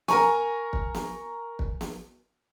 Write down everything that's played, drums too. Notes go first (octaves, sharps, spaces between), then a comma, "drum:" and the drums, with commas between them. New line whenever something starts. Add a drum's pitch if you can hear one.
A#4 G#5 A#5 C#6, drum: snare B3
drum: kick
drum: snare B3
drum: kick
drum: snare B3